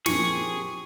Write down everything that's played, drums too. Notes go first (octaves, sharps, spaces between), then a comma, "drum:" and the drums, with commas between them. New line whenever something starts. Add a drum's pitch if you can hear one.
A#2 F3 G4 G#4 C#6, drum: snare